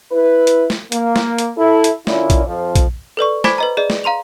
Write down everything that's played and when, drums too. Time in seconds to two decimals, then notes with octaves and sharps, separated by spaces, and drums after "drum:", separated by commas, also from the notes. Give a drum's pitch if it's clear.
0.12 E4 B4
0.47 drum: hi-hat
0.70 drum: snare
0.92 A#3, drum: hi-hat
1.16 drum: snare
1.38 drum: hi-hat
1.56 E4 A4
1.84 drum: hi-hat
2.07 D3 C#4 E4 F4 A#4 D5, drum: snare
2.30 drum: kick A#1, hi-hat
2.45 F2 F3
2.76 drum: kick A#1, hi-hat
3.17 A4 B4 D5 C#6
3.44 C5 G#5 B5 D6 G#6 B6, drum: snare
3.58 B4 D#5 A#5
3.77 G#4 D5 D#5
3.90 drum: snare
4.04 F5 A#5 C6 F7